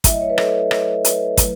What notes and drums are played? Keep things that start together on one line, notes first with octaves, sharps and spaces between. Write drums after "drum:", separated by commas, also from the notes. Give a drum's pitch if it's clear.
F#3 A3 E4 E5, drum: kick, hi-hat
D#5
C#5
B4
A4, drum: rim click
drum: rim click
B4, drum: hi-hat
F#3 A3 E4, drum: kick, hi-hat